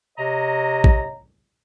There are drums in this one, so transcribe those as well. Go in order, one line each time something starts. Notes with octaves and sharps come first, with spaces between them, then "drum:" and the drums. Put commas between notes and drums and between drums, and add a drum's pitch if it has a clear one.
C3 C#5 D#5 A#5
drum: kick